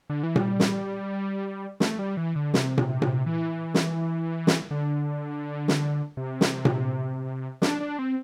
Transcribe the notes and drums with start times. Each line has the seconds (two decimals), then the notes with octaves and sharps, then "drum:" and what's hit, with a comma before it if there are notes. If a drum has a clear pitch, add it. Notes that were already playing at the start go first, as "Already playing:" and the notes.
0.10 D3
0.23 E3
0.36 G3, drum: tom A#2
0.60 drum: snare
1.80 A3, drum: snare
1.99 G3
2.17 E3
2.36 D3
2.54 C3, drum: snare
2.78 drum: tom A#2
2.89 C3
3.02 drum: tom A#2
3.26 E3
3.74 drum: snare
4.47 drum: snare
4.71 D3
5.68 drum: snare
6.17 C3
6.41 drum: snare
6.65 drum: tom A#2
7.62 D4, drum: snare
7.80 D4
7.99 C4